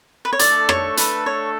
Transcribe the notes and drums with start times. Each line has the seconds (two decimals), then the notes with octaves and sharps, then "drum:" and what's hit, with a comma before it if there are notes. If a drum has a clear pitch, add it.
0.25 B4
0.33 C#5
0.39 A3 D4 A4 D5, drum: hi-hat
0.69 C#5, drum: rim click
0.97 B4, drum: hi-hat
1.26 C#5